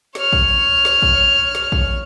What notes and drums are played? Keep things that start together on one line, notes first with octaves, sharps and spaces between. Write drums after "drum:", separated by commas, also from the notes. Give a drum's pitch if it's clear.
C#5 F6, drum: snare
drum: kick
drum: snare
drum: kick
drum: snare
drum: kick